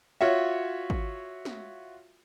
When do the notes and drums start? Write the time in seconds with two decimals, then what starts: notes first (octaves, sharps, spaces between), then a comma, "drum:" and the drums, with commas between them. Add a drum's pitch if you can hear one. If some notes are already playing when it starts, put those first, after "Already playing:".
0.21 F4 F#4 C#5 E5
0.90 drum: kick G#1
1.45 drum: snare